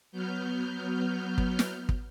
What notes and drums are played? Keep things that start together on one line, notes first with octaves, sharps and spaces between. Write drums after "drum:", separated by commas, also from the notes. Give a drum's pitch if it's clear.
F#3 B3 F6 G6
drum: kick
drum: snare
drum: kick